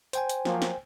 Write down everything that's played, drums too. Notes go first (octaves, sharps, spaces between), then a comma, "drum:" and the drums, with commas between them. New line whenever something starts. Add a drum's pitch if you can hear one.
C5 G5 G#5, drum: hi-hat
drum: hi-hat
F3 F#3 A#3, drum: snare
drum: snare